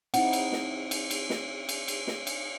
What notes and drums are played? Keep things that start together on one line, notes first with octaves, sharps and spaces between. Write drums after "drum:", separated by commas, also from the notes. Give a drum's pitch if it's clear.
C4 D#4 E4 F#5, drum: cymbal
drum: cymbal
drum: snare
drum: cymbal
drum: cymbal
drum: snare
drum: cymbal
drum: cymbal
drum: snare
drum: cymbal